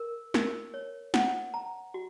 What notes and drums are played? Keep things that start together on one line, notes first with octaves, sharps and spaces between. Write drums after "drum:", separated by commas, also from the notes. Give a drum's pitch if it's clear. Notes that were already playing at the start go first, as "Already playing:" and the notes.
Already playing: A#4
A#4, drum: snare
C#5
F#5, drum: snare
A#5
F#4